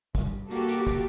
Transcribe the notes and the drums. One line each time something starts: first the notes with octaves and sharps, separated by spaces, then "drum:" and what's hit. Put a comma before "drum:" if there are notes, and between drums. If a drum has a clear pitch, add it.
G2, drum: kick, hi-hat
A#3 F#4 G4 A4, drum: hi-hat
drum: hi-hat
drum: kick, hi-hat